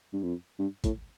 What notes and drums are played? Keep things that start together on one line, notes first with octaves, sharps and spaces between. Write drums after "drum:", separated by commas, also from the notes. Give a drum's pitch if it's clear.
G2
F2
G2
A2, drum: kick, hi-hat